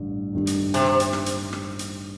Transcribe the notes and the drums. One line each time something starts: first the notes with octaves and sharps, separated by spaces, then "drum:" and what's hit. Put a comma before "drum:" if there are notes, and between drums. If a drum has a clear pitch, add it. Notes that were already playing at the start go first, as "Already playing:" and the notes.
Already playing: A1 G2 D3
G1 G2 D#3 G3
drum: hi-hat
C3, drum: hi-hat
drum: hi-hat
drum: rim click
drum: hi-hat
drum: rim click
drum: hi-hat